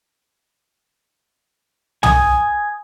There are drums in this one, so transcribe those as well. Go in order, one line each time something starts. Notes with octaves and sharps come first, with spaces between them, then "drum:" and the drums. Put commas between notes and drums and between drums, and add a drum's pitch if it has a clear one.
G#5 D#6, drum: tom